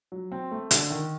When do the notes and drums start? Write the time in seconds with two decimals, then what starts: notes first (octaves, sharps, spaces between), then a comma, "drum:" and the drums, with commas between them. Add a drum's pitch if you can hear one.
0.12 F#3
0.32 C4
0.51 A3
0.71 D3, drum: hi-hat
0.90 D#3